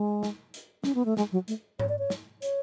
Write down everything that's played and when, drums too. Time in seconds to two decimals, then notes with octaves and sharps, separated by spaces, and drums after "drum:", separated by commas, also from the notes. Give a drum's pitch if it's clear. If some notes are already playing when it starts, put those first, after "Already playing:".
Already playing: G#3
0.23 drum: snare
0.54 drum: hi-hat
0.84 C#4, drum: snare
0.95 B3
1.05 A3
1.17 G#3, drum: snare
1.32 F#3
1.48 A3, drum: hi-hat
1.79 C#5, drum: tom G#2
1.89 D5
1.99 C#5
2.10 drum: snare
2.42 C#5, drum: hi-hat